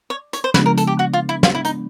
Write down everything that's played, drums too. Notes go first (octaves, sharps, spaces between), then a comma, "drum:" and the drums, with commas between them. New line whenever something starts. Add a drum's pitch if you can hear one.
C#5
C#5, drum: hi-hat
C5
C#3 F3 G#3 B3 D4 B4, drum: snare
A#4
A4, drum: hi-hat
G4
F#4
F4
E4
F4, drum: snare
E4
D#4, drum: hi-hat